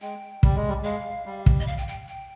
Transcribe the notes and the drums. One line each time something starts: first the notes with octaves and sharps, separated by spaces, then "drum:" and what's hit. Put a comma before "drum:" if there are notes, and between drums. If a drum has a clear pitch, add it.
G#3 G5
G3, drum: kick
G#3
G3
G#3 F5
G3
drum: kick
D#5
F5
G5
G5
G5